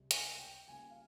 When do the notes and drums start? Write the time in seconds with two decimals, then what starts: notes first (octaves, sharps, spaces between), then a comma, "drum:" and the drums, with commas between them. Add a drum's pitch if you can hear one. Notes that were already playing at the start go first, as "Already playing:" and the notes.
Already playing: C#2 C3 G3
0.11 G#5, drum: hi-hat
0.39 G5
0.68 C#3 G3 A#3 F4 G#5
0.90 F5